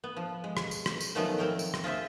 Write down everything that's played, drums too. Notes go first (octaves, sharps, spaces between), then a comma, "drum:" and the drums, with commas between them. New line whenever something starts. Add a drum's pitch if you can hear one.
B3
F3
G#3
drum: rim click
drum: tambourine
drum: rim click
drum: tambourine
D#3 F3 F#3 A3 B3 C#4
C4 A#4 C#5 G5
drum: tambourine
drum: rim click
F4 G#4 C5 E5